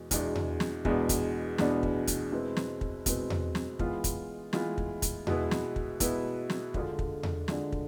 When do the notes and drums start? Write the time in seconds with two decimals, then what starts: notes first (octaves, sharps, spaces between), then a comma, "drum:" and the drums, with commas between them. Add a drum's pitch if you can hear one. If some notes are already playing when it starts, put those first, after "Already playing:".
Already playing: E2 B2 G#3
0.11 E2 B2 G#3 D4, drum: kick, hi-hat
0.35 drum: tom E2
0.60 drum: snare
0.85 E2 B2 G#3 B3 D4, drum: kick
1.09 drum: kick, hi-hat
1.58 E2 B2 G#3 B3 D4, drum: snare
1.83 drum: kick
2.07 drum: kick, hi-hat
2.32 B2 G#3 C4 E4 B4
2.57 drum: snare
2.81 drum: kick
3.06 B2 G#3 C4 E4 B4, drum: kick, hi-hat
3.30 drum: tom E2
3.55 drum: snare
3.79 E3 G#3 B3 F4, drum: kick
4.04 drum: kick, hi-hat
4.53 E3 G#3 B3 F4, drum: snare
4.78 drum: kick
5.02 drum: kick, hi-hat
5.27 B2 G#3 B3 E4 B4, drum: tom E2
5.51 drum: snare
5.76 drum: kick
6.00 B2 G#3 B3 E4 B4, drum: kick, hi-hat
6.50 drum: snare
6.74 D3 G#3 D4 F4 G#4, drum: kick
6.99 drum: kick
7.23 drum: tom E2
7.48 D3 G#3 D4 F4 G#4, drum: snare
7.72 drum: kick